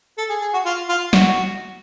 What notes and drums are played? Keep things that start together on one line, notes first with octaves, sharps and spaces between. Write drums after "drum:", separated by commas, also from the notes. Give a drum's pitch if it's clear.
A4
G#4
G#4
F#4
F4
F4
F#4, drum: snare